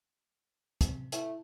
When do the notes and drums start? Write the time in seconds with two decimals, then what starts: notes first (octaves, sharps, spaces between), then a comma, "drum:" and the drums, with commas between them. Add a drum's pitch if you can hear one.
0.81 C3, drum: kick, hi-hat
1.12 A3 E4, drum: hi-hat